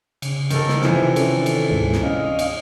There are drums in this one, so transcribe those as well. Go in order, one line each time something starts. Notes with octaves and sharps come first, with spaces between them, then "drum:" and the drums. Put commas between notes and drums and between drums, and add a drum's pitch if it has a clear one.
C#3, drum: cymbal
D#3 A4, drum: cymbal
drum: snare
C3 E3 F3, drum: snare
D#3 C#4 A4, drum: cymbal
drum: cymbal
D2 G#2 G#3
drum: snare
C#4 D#5 F5
drum: cymbal